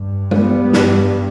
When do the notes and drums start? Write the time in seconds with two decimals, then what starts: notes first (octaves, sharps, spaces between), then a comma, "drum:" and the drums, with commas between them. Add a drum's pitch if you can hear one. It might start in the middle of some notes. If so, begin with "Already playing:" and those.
Already playing: G2
0.31 G3 B3, drum: tom G#3
0.73 G2, drum: snare